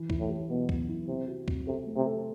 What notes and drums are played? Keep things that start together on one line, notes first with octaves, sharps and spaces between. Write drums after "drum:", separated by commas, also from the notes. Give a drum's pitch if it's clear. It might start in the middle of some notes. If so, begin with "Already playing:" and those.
Already playing: E3
E4, drum: kick
A2
G4
B2 B3
B3, drum: kick
E4
C3 C4
F#4
C4, drum: kick
C3 A4
A3
C3
A4